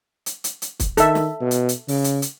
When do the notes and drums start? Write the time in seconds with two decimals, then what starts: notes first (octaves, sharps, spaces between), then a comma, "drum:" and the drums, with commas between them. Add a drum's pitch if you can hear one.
0.26 drum: hi-hat
0.44 drum: hi-hat
0.62 drum: hi-hat
0.80 drum: kick, hi-hat
0.97 D#3 A4 E5, drum: hi-hat
1.15 drum: snare
1.40 B2
1.51 drum: hi-hat
1.69 drum: hi-hat
1.88 C#3, drum: open hi-hat
2.04 drum: hi-hat
2.22 drum: hi-hat